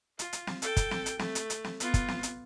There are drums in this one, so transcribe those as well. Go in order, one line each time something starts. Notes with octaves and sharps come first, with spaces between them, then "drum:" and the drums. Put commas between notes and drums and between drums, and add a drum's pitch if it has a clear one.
F4, drum: hi-hat
drum: hi-hat
drum: snare
A4 G5, drum: hi-hat
drum: kick, hi-hat
drum: snare
drum: hi-hat
A3, drum: snare
drum: hi-hat
drum: hi-hat
drum: snare
B3 F4, drum: hi-hat
drum: kick, hi-hat
drum: snare
drum: hi-hat